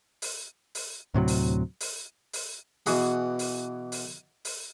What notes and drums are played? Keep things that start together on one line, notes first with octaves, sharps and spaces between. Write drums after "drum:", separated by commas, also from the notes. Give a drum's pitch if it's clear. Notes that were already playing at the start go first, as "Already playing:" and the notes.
drum: open hi-hat
drum: open hi-hat
D2 A2 C3 F#3
drum: open hi-hat
drum: open hi-hat
drum: open hi-hat
B2 E3 G#4 F#5, drum: open hi-hat
drum: open hi-hat
drum: open hi-hat
drum: open hi-hat